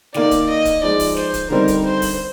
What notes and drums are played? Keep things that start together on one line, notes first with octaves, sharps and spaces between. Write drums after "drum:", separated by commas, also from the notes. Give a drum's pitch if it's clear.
D#3 A#3 D#4 D5, drum: snare
drum: kick D1, hi-hat
D#5
drum: kick D1, hi-hat
F3 G#3 D#4 D5
drum: kick D1, open hi-hat
C5, drum: snare
drum: kick D1, hi-hat
D3 G3 C4 D#4 A#4
drum: kick D1, hi-hat
C5
drum: kick D1, open hi-hat